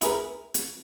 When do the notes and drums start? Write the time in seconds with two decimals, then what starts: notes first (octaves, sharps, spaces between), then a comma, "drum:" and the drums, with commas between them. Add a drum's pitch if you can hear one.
0.01 E4 G#4 A#4 B4, drum: hi-hat
0.54 drum: hi-hat